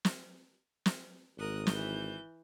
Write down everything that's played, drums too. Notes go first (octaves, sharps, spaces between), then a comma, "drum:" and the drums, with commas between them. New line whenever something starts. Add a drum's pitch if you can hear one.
drum: snare
drum: snare
G#1 A#4 D#6 F#6
E3 G6, drum: snare